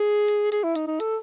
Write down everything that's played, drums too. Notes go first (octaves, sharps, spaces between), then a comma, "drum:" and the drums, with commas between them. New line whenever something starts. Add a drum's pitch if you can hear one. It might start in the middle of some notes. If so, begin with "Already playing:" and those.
Already playing: G#4
drum: hi-hat
G#4, drum: hi-hat
E4
D#4, drum: hi-hat
D#4
A4, drum: hi-hat